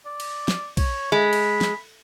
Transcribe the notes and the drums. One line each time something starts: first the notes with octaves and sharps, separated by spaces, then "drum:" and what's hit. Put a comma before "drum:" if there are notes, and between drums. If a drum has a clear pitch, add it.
D5
drum: cymbal
drum: snare
C#5, drum: kick, cymbal
G#3 B5
drum: cymbal
drum: snare